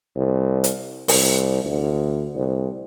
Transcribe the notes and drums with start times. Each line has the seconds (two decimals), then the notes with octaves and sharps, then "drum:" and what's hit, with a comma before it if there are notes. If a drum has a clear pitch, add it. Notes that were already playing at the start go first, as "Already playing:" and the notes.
0.16 C2
0.64 drum: hi-hat
1.08 C2, drum: open hi-hat
1.64 D2
2.35 C2